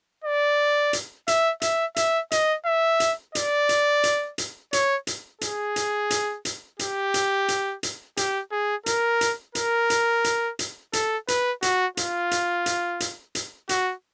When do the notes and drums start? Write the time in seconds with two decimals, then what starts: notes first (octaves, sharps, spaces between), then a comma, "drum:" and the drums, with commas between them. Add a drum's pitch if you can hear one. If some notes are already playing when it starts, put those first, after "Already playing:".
0.24 D5
0.93 drum: hi-hat
1.28 E5, drum: hi-hat
1.62 E5, drum: hi-hat
1.96 E5, drum: hi-hat
2.32 D#5, drum: hi-hat
2.65 E5
3.00 drum: hi-hat
3.35 D5, drum: hi-hat
3.69 drum: hi-hat
4.03 drum: hi-hat
4.38 drum: hi-hat
4.73 C#5, drum: hi-hat
5.07 drum: hi-hat
5.41 G#4, drum: hi-hat
5.76 drum: hi-hat
6.10 drum: hi-hat
6.45 drum: hi-hat
6.79 G4, drum: hi-hat
7.14 drum: hi-hat
7.48 drum: hi-hat
7.83 drum: hi-hat
8.17 G4, drum: hi-hat
8.52 G#4
8.86 A#4, drum: hi-hat
9.21 drum: hi-hat
9.55 A#4, drum: hi-hat
9.90 drum: hi-hat
10.24 drum: hi-hat
10.59 drum: hi-hat
10.93 A4, drum: hi-hat
11.28 B4, drum: hi-hat
11.62 F#4, drum: hi-hat
11.97 F4, drum: hi-hat
12.31 drum: hi-hat
12.66 drum: hi-hat
13.00 drum: hi-hat
13.35 drum: hi-hat
13.69 F#4, drum: hi-hat